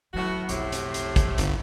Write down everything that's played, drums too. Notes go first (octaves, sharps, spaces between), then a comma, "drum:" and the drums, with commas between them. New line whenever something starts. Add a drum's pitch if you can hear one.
A2 F#3 A#3 B3 F#4
B1 F2 A2 C3, drum: hi-hat
drum: hi-hat
drum: hi-hat
drum: kick, hi-hat
G1 C#2, drum: hi-hat